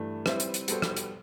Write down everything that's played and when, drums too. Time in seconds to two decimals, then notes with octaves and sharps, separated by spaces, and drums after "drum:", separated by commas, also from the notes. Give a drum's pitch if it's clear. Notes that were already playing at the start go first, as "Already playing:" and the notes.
Already playing: G2 E3 A3
0.26 G3 C4 E4 B4 E5, drum: rim click
0.40 drum: hi-hat
0.54 drum: hi-hat
0.68 G3 B3 F#4 A4 C5, drum: hi-hat
0.82 drum: rim click
0.97 drum: hi-hat